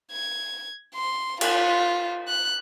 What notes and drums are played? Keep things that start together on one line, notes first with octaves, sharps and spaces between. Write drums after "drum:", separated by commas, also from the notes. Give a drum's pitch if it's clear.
G#6
C6
F4, drum: cymbal
F#6